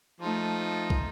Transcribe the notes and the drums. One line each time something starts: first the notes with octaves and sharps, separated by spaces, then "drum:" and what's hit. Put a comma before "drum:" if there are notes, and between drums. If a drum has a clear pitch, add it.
F3 A3 D#4
drum: kick